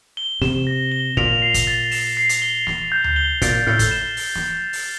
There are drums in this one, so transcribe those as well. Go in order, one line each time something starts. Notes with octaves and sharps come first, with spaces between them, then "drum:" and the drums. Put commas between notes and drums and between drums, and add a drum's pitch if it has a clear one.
G7
C3 E7, drum: snare
A#6
G7
A#2 F7, drum: kick
C7
drum: kick, hi-hat
A6
E7, drum: open hi-hat
C7
drum: hi-hat
G7
C7, drum: snare
G6
drum: tom D2
G7
A#2 A6, drum: kick, hi-hat
A2 F6
drum: kick, hi-hat
E7
drum: open hi-hat
drum: snare
drum: open hi-hat